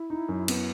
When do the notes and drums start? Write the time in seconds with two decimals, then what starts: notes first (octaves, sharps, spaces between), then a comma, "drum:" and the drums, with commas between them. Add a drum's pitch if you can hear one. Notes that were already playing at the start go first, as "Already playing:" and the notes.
Already playing: E4
0.10 D#4
0.29 F#2
0.48 B3, drum: cymbal